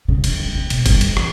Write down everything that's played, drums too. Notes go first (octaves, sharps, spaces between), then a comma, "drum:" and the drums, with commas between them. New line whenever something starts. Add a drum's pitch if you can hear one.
C#3
D3, drum: cymbal
D3
C#3
B2, drum: cymbal
G2, drum: kick F1, cymbal
drum: cymbal
E3, drum: rim click